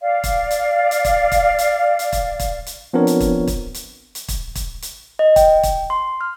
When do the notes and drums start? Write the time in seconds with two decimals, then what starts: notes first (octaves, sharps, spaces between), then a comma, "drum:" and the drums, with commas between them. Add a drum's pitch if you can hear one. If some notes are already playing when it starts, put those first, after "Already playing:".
0.01 D5 F5
0.24 drum: kick, hi-hat
0.51 drum: hi-hat
0.91 drum: hi-hat
1.05 drum: kick, hi-hat
1.32 drum: kick, hi-hat
1.59 drum: hi-hat
1.99 drum: hi-hat
2.12 drum: kick, hi-hat
2.39 drum: kick, hi-hat
2.66 drum: hi-hat
2.93 F3 B3 C4 D4 A#4 C#5
3.07 drum: hi-hat
3.20 drum: kick, hi-hat
3.47 drum: kick, hi-hat
3.74 drum: hi-hat
4.15 drum: hi-hat
4.28 drum: kick, hi-hat
4.55 drum: kick, hi-hat
4.82 drum: hi-hat
5.19 D#5
5.36 G5, drum: kick, hi-hat
5.63 drum: kick, hi-hat
5.90 C6
6.21 F6